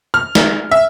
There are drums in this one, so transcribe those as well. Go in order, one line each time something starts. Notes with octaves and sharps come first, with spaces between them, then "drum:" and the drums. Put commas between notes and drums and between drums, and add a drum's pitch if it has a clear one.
F6
drum: snare
E5